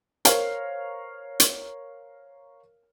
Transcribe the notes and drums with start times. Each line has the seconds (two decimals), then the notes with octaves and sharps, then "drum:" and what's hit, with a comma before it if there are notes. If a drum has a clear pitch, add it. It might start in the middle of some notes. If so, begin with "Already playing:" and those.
0.25 A#4 C5 C#5 F5, drum: hi-hat
1.40 drum: hi-hat